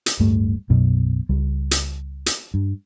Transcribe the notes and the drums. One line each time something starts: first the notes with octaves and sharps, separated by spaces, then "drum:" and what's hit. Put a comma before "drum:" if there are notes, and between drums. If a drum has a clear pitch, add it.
drum: hi-hat
D1 G2 G3 A3
B1 F#2 B2
C#2 G3
drum: hi-hat
drum: hi-hat
G2